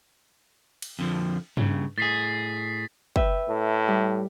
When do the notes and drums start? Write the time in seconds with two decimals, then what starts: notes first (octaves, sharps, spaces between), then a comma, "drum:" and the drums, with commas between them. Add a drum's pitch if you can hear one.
0.82 drum: cymbal
0.99 F2 D3 F3
1.57 G2 C#3, drum: tom G2
1.98 A2 G#4 A6 B6 C7
3.16 B4 E5 G5, drum: kick
3.48 A2
3.88 G3